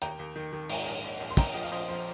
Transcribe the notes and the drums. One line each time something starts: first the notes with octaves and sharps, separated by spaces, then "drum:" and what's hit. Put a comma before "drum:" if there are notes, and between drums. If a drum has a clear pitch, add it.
D#2 G5 A#5, drum: hi-hat
D#2
D#3
D#3
G#2, drum: open hi-hat
A#1
A#1
A#1
C6
A#1 G5 A#5, drum: kick, open hi-hat
F3 D#5 G5
F5
A#1 C5 D#5
F3 C5